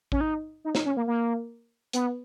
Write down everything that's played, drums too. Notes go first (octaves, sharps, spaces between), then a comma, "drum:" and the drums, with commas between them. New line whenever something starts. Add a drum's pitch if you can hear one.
C#4, drum: kick A1
D#4
D#4
D#4, drum: snare
C#4
A#3
A#3
B3, drum: hi-hat